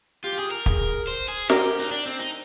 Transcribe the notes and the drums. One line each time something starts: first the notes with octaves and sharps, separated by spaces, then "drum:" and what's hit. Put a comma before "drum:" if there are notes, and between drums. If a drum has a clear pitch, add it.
F4 G4
G#4
A#4
G#4, drum: kick
C5
G#4
G4 A#4, drum: snare
D#4
D4
C4
D#4